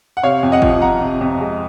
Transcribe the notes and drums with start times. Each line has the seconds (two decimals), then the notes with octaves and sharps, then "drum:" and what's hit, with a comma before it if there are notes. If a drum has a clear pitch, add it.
0.17 F#5
0.23 C3 C#5 F5
0.43 F2
0.52 D#5 F#5
0.62 F3, drum: kick G1
0.82 F2 F#5 A#5
1.01 C3
1.21 F2
1.40 G#3